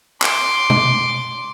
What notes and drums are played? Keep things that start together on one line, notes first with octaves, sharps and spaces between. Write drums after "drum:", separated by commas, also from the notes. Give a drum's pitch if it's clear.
C6 D6, drum: clap
drum: tom